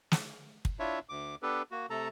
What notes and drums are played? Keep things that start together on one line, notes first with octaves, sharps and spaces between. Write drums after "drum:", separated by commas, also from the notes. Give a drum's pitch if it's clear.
drum: snare
drum: kick
D4 E4 F4 C#5 E5
D2 D6
B3 D4 G4 A4 B4
A#3 F#4
C3 A3 A4 A5 A#5